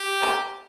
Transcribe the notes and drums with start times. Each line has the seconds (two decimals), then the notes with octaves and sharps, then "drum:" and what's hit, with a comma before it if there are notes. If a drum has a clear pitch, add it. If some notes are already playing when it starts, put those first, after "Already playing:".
Already playing: G4
0.22 drum: clap